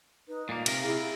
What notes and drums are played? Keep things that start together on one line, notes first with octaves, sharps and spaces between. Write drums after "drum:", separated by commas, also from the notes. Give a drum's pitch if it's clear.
D#4 B4
A#2 A#3 F5
C3 A#4 F5, drum: cymbal
E4 G#4